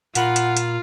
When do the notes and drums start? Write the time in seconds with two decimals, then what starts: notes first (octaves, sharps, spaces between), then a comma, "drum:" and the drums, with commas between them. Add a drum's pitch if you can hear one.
0.15 A#2 F4 A#4 F#5 B5, drum: hi-hat
0.36 drum: hi-hat
0.57 drum: hi-hat